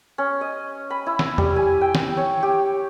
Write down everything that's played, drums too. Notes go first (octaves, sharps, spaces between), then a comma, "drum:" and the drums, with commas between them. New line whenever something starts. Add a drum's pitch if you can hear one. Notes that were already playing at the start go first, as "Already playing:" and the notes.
C#4
D#5
B5
E4
drum: snare
G3, drum: tom E2
G#5
G5
drum: snare
C#5
G4